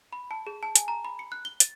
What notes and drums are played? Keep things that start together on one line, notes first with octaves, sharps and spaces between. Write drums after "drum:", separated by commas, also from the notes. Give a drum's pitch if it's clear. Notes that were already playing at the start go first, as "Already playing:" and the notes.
B5
A5
G#4
A5
G#5, drum: hi-hat
A#5
B5
C#7
F#6
G7
A6, drum: hi-hat